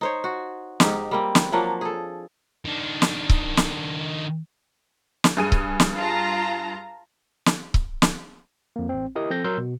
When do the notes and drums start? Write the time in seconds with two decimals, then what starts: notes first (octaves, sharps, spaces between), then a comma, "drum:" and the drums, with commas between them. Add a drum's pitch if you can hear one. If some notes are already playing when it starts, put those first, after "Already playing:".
0.01 D#4 C5 C#5
0.24 F#4
0.80 G#2 D#4 G4, drum: snare
1.11 G3 A#3 C4
1.35 drum: snare
1.52 F3 F#3 A#3 D4
1.81 G#4 A4
2.65 D#3 D4
3.02 drum: snare
3.29 drum: kick C#1
3.57 drum: snare
5.24 drum: snare
5.37 G2 G#4 D#7
5.52 drum: kick C#1
5.80 drum: snare
5.96 F4 A5 A#5
7.46 drum: snare
7.74 drum: kick C#1
8.02 drum: snare
8.76 F2 A#3
8.89 A1 C4
9.16 E4 G4 A#4 D#5 D#6
9.30 F3 C4 A4 G6 A#6
9.44 F#3 A#4 C6 E6 G6
9.58 B2